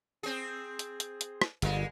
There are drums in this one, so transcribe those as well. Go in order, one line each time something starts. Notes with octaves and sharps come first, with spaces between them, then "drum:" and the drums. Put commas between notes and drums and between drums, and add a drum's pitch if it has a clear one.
C4 G#4
drum: hi-hat
drum: hi-hat
drum: hi-hat
drum: rim click
G1 A#2 G#3, drum: hi-hat